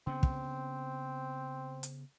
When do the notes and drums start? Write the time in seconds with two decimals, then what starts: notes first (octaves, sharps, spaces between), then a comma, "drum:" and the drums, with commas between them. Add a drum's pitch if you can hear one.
0.07 C#3 B3 C4
0.23 drum: kick
1.83 drum: hi-hat